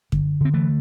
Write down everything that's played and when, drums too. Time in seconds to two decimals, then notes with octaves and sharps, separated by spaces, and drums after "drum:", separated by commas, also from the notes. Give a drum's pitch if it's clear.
0.12 D3, drum: kick F#2
0.41 D3 C4
0.54 E3 A3